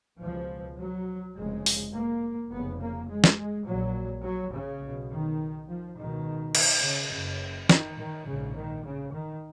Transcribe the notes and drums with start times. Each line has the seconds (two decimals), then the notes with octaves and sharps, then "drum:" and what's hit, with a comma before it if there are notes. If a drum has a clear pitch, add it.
0.20 C#2 B2 F3
0.78 F#3
1.36 F1 F2 C#3 G#3
1.66 drum: open hi-hat
1.94 A#3
2.51 F1 F2 C#3 B3
2.81 A#3
3.09 G#3
3.24 drum: snare
3.38 G#3
3.66 A#1 A#2 F#3
4.24 F#3
4.53 C#3
4.81 B1 B2
5.11 D#3
5.68 F3
5.96 C#2 B2 D#3
6.55 drum: cymbal
6.83 C#3
7.12 F#1 F#2 C#3
7.69 D#3, drum: snare
7.99 D#3
8.27 A#1 G#2 C#3
8.56 D#3
8.85 C#3
9.14 D#3